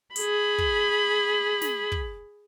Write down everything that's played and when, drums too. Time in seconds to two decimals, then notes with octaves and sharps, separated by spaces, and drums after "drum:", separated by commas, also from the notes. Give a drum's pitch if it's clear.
0.16 G#4 B5, drum: hi-hat
0.58 drum: kick
1.62 drum: snare
1.92 drum: kick